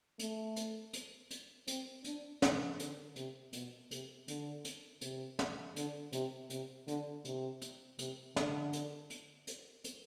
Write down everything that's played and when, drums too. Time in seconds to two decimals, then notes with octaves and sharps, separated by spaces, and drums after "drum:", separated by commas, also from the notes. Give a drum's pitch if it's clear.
0.19 A3, drum: hi-hat
0.56 drum: hi-hat
0.93 drum: hi-hat
1.31 drum: hi-hat
1.67 C4, drum: hi-hat
2.04 D4, drum: hi-hat
2.42 C4, drum: snare
2.80 D3, drum: hi-hat
3.16 C3, drum: hi-hat
3.53 B2, drum: hi-hat
3.91 C3, drum: hi-hat
4.28 D3, drum: hi-hat
4.65 drum: hi-hat
5.01 C3, drum: hi-hat
5.39 drum: snare
5.76 D3, drum: hi-hat
6.13 C3, drum: hi-hat
6.50 C3, drum: hi-hat
6.88 D3, drum: hi-hat
7.25 C3, drum: hi-hat
7.62 drum: hi-hat
7.99 C3, drum: hi-hat
8.36 D3, drum: snare
8.73 drum: hi-hat
9.10 drum: hi-hat
9.47 drum: hi-hat
9.84 drum: hi-hat